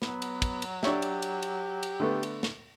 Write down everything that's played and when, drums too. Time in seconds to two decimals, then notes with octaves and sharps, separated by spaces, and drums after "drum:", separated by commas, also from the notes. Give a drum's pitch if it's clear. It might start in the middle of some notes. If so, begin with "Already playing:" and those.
0.02 F#3 B3, drum: snare
0.22 drum: cymbal
0.42 drum: kick, cymbal
0.62 drum: cymbal
0.83 D4 G4 C#5 E5, drum: snare
1.02 drum: cymbal
1.22 drum: cymbal
1.42 drum: cymbal
1.83 drum: cymbal
2.00 D3 A3 B3
2.23 drum: cymbal
2.43 drum: snare